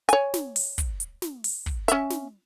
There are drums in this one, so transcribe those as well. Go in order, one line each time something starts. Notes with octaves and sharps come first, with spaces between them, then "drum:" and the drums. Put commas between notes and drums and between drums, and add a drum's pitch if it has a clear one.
C#5 G#5, drum: hi-hat
drum: snare
drum: open hi-hat
drum: kick, hi-hat
drum: hi-hat
drum: snare
drum: open hi-hat
drum: kick
C#4 E5, drum: hi-hat
drum: snare